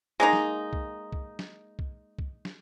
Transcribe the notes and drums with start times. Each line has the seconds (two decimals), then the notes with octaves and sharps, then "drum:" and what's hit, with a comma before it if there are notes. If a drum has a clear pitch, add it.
0.20 G#3 A#3 D#4
0.33 drum: snare
0.73 drum: kick
1.12 drum: kick
1.39 drum: snare
1.79 drum: kick
2.19 drum: kick
2.45 drum: snare